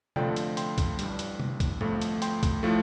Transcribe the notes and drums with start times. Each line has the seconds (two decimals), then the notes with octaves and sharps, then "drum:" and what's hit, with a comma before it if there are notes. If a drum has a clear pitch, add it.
0.16 F2 D3 F3 A3 D5 G5, drum: tom
0.36 drum: hi-hat
0.57 G5 C6, drum: hi-hat
0.78 drum: kick, hi-hat
0.99 A1 G2 G3, drum: hi-hat
1.19 drum: hi-hat
1.40 drum: tom
1.60 drum: kick, hi-hat
1.81 G1 F2 F3 A3, drum: tom
2.02 drum: hi-hat
2.22 G5 C6, drum: hi-hat
2.43 drum: kick, hi-hat
2.63 A2 F3 A3